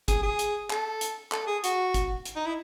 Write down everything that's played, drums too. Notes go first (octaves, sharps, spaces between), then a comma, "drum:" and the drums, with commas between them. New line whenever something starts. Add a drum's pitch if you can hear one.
G#4, drum: kick G1, hi-hat
G#4
drum: hi-hat
A4, drum: clap
drum: hi-hat
A4, drum: clap
G#4
F#4, drum: hi-hat
drum: kick G1, hi-hat
drum: hi-hat
D#4
E4